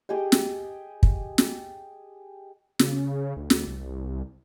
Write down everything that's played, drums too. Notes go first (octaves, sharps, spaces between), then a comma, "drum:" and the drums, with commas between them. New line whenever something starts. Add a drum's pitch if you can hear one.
G4 G#4 D#5 G5
drum: snare
drum: kick
drum: snare
C#3, drum: snare
D2
drum: snare
C2